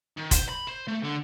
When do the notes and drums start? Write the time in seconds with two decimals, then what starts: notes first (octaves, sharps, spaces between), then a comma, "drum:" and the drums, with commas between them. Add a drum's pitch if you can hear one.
0.17 D#3
0.31 C5, drum: kick F1, hi-hat
0.49 B5
0.67 C5
0.87 A3
1.03 D3